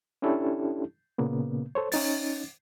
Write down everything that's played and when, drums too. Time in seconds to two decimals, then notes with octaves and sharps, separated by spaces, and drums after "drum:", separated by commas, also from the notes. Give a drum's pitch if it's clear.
0.22 C#4 D4 E4 G4 A4
1.18 A#2 C#3 A#3 B3
1.75 A4 C5 C#5
1.92 C#4 D#4 A6, drum: open hi-hat